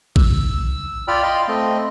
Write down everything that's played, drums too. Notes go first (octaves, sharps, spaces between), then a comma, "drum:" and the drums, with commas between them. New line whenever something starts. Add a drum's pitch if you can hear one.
E6, drum: kick A#1
F4 D5 G5 B5 F6
D#5 F5 G5 B5 C6
A3 C4 D#5